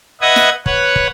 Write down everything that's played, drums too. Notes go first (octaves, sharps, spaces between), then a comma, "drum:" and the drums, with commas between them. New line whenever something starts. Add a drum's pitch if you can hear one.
B4 D#5 E5 F#5 D#6 G#6
drum: snare
B4 C#5 F#5, drum: kick
drum: kick